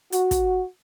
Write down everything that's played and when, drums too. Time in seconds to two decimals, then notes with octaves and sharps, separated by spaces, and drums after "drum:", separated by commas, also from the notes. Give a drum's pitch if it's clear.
0.12 F#4, drum: hi-hat
0.31 drum: kick, hi-hat